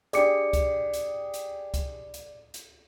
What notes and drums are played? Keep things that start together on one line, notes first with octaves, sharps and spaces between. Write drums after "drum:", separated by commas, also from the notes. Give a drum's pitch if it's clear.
D4 G4 G#4 D5 D6 C#7, drum: hi-hat
drum: kick C2, hi-hat
drum: hi-hat
drum: hi-hat
drum: kick C2, hi-hat
drum: hi-hat
drum: hi-hat